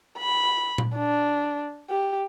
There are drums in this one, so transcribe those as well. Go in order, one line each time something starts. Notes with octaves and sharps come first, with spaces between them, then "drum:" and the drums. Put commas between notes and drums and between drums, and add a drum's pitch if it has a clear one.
B5
drum: tom A#2
D4
G4